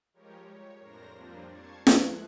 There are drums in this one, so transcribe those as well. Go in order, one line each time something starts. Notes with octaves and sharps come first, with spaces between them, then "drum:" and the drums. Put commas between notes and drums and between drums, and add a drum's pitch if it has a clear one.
F3 G3 G#3 G4 A#4 C#5
C#5
F2 A2 D4 A#4 C5 A#6
F3 G3 A#3 C4 D4 F4
A5 C#6 G#6 C7
F3 G#3 A3 F#6, drum: snare